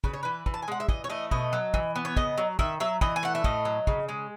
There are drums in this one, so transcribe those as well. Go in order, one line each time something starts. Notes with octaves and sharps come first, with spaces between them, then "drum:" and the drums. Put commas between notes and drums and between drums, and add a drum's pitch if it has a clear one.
C#3 B4, drum: kick
C#5
E3 B4
E3, drum: kick
A5
G#5
G#3 F#5
E5
E3 D#5, drum: kick
C#5
A3 D#5
B2 D#5, drum: kick
F#3
E3, drum: kick
B3
C#5
C#3 D#5, drum: kick
F#3
D#3 E5, drum: kick
F#3 E5
E3 D#5, drum: kick
G#5
A3 F#5
E5
A2 D#5, drum: kick
F#3
C#3, drum: kick
G#3